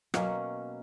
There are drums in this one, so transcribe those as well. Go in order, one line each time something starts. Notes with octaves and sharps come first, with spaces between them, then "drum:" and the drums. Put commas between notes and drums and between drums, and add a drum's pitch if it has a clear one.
B2 F#3 A#3 C#4, drum: rim click